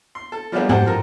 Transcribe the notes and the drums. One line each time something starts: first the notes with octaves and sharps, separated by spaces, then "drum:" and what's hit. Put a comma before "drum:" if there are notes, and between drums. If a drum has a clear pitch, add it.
C6
A4
F3 G3 G#3 A#3 B3 D4
G4 A4 C5 F#5, drum: tom
F3 A4 A#4